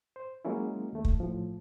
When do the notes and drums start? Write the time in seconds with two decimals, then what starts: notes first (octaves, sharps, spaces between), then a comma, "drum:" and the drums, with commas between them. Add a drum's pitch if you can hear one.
0.16 C5
0.45 F#3 G#3 A#3 C#4 E4
0.93 D#2 A3
1.05 drum: kick
1.20 A2 F3